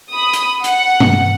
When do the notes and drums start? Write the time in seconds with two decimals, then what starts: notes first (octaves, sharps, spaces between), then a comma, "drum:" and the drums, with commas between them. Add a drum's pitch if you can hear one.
0.10 B5 D#6
0.33 drum: hi-hat
0.64 F#5, drum: hi-hat
1.00 drum: tom G2